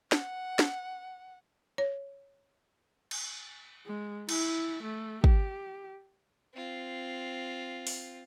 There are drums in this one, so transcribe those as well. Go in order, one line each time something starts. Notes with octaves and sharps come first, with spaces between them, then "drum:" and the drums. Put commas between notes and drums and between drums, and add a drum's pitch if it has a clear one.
F#5, drum: snare
drum: snare
C#5
drum: cymbal
G#3
E4, drum: cymbal
A3
G4, drum: kick
C4 F4
drum: open hi-hat